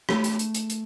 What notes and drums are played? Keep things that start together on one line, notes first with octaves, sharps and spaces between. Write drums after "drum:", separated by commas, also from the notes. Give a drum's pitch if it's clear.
A3, drum: rim click
drum: hi-hat
drum: hi-hat
drum: hi-hat
drum: hi-hat